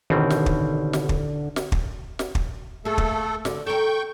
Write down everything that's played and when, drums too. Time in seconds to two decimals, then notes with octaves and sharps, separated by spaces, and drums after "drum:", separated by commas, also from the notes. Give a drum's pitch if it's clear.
0.10 A1 B2 D3 D#3 C4
0.30 drum: snare
0.46 drum: kick
0.93 drum: snare
1.09 drum: kick
1.56 drum: snare
1.72 drum: kick
2.19 drum: snare
2.35 drum: kick
2.85 A3 A#3 G#4 A4
2.98 drum: kick
3.45 D3, drum: snare
3.67 A4 A#4 G5 C#6 G6